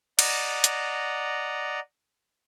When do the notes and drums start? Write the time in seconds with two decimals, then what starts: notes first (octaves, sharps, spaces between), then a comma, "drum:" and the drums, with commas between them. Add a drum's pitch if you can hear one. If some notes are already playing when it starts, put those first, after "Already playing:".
0.19 D5 D#5 F#5 A#5, drum: cymbal
0.64 drum: hi-hat